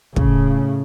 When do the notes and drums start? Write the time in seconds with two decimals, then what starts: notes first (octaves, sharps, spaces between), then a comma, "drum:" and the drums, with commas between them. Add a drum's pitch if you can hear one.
0.16 A2 C#3, drum: kick